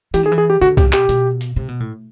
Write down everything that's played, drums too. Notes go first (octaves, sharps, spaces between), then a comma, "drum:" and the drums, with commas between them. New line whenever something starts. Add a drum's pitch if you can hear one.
E3 G4, drum: hi-hat
D#3 G#4
E3
G#4
G4
D3 F#4
C#3 G4, drum: kick C2, hi-hat
B2 G4, drum: clap
B2, drum: hi-hat
drum: hi-hat
C3
B2
A2